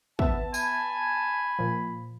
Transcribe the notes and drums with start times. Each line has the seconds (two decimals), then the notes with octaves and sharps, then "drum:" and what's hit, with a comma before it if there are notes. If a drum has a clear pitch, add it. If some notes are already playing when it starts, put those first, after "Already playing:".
0.19 B3 E5 A5, drum: kick
0.54 G#5 B5, drum: tambourine
1.59 A#2 F3